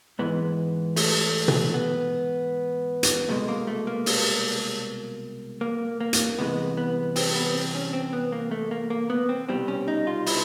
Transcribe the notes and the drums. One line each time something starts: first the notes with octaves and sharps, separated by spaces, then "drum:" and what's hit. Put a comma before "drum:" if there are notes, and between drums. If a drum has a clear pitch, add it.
G#2 E3 G#3 B3
A3, drum: open hi-hat
drum: tom B2
B3
drum: hi-hat
C2 B2 G#3 A3
A#3
A3
A#3
drum: open hi-hat
A#3
A#3
drum: hi-hat
C2 C3 E3 G#3 B3
B3
C4, drum: open hi-hat
B3
C4
C#4
C4
B3
A#3
A3
A#3
A#3
B3
C4
C2 B2 G3 C4
C#4
D#4
F4
E4, drum: open hi-hat